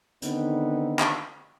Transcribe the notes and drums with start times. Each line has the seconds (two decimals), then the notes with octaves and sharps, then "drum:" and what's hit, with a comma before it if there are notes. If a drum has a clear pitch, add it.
0.22 D3 D#3 B3 C4 D#4, drum: hi-hat
0.99 drum: clap